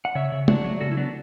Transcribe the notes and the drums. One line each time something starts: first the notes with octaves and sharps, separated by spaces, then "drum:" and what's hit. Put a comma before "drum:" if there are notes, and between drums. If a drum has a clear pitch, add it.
F#5
C#3 C#5 E5
C#3
F#3 D4 F#4, drum: tom
F#3
C#3 F#4 A4
E4
F#3 B3 D4